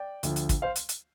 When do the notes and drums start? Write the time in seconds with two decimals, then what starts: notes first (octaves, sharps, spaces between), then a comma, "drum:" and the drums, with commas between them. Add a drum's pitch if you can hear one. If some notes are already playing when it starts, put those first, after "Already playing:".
Already playing: D5 G5
0.23 D2 D3 F3, drum: hi-hat
0.36 drum: hi-hat
0.49 drum: kick, hi-hat
0.62 C5 F5
0.76 drum: hi-hat
0.89 drum: hi-hat